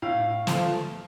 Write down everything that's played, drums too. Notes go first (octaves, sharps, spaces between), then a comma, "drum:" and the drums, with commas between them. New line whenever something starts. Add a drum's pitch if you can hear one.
A2 F5
F3 A3, drum: snare